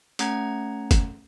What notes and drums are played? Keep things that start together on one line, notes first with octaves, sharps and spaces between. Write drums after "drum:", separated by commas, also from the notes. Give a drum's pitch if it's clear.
A3 C#4 F#5 A#5 G#6, drum: hi-hat
drum: kick, hi-hat